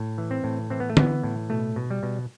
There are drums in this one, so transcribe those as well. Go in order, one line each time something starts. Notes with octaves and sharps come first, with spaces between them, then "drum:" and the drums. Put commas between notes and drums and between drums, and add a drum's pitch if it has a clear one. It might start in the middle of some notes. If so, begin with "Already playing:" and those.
Already playing: A2
E3
C4
A2
E3 C4
B3
A3
E3 B3, drum: tom D3
A2
B2 A3
B2
G3
B2